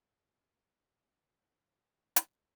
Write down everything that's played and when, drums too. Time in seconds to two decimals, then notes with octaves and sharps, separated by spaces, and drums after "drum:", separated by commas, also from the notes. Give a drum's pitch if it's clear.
1.50 C#2 D3 F#3 G3
2.16 drum: hi-hat